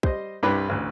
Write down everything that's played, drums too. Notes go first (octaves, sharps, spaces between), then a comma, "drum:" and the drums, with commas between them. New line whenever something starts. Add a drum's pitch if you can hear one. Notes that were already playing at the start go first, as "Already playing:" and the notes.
G3 C5 D#5, drum: kick
C2 G2 E4 B4 B5 D6
A1 D2